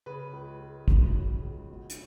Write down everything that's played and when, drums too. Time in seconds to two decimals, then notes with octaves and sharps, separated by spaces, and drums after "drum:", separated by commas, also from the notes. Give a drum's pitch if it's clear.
0.06 C#3 B4
0.33 C#2
0.60 C#2
0.88 F#3, drum: kick
1.15 C#3
1.42 C#2
1.69 B2
1.90 drum: hi-hat